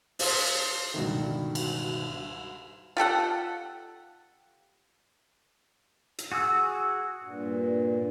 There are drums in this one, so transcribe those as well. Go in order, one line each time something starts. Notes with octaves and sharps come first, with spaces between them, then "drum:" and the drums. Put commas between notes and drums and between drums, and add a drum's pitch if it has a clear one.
C5 F5 C6, drum: open hi-hat
C#2 G2 B2 D3 D#3
drum: cymbal
F4 G4 A4 F#5
drum: hi-hat
F#4 G#4 D#6 E6
G2 A#2